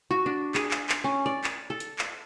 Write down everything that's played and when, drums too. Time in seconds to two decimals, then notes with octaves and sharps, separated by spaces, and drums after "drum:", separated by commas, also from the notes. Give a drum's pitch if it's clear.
0.11 F#4
0.26 D4
0.55 G#4, drum: clap
0.71 drum: clap
0.89 drum: clap
1.04 C#4
1.26 D5
1.44 drum: clap
1.70 A4
1.80 drum: hi-hat
1.99 drum: clap